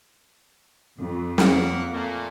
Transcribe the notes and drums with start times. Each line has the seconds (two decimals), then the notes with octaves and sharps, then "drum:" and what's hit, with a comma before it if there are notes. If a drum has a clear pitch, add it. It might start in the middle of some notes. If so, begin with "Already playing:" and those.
1.00 F2
1.38 A#3 F#5, drum: snare
1.93 A#2 A3 A#3